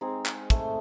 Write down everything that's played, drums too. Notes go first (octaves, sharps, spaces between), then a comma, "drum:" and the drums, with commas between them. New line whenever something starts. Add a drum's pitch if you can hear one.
G#3 C4 D#4 G#4
drum: clap
A3, drum: kick, hi-hat